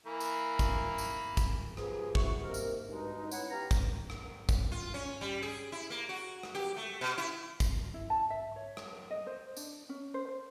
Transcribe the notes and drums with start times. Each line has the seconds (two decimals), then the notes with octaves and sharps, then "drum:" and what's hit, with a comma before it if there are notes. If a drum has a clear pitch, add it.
0.06 E3 A#3 B5
0.20 drum: tambourine
0.59 drum: kick, tambourine
0.98 drum: tambourine
1.37 drum: kick, tambourine
1.77 F3 B3 G4 G#4, drum: rim click
2.15 E4 F#4 G#4 C#6, drum: kick
2.42 C3 D#3 A#3 A#4
2.54 drum: tambourine
2.89 G2 B2 G#3 D#4
3.31 C#4 E4 F#5, drum: tambourine
3.50 B3 G4 F5 A#5
3.71 drum: kick, tambourine
4.10 drum: rim click
4.49 drum: kick, tambourine
4.72 F4
4.94 C#4
5.21 G3
5.42 G#4
5.72 E4
5.90 A#3
6.09 F#4
6.43 drum: rim click
6.55 G4
6.76 A3
7.01 B2
7.18 E4
7.60 drum: kick, tambourine
7.94 E4
8.10 A5
8.30 E5
8.56 C#5
8.77 drum: rim click
9.11 D#5
9.27 C5
9.57 D4, drum: tambourine
9.89 C#4
10.14 C5
10.28 C5